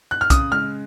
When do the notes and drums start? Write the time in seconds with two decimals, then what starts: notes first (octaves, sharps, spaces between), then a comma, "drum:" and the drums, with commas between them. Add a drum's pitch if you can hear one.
0.11 F#6
0.21 F6
0.30 C#3 D#6, drum: kick B1, hi-hat
0.51 G#3 F6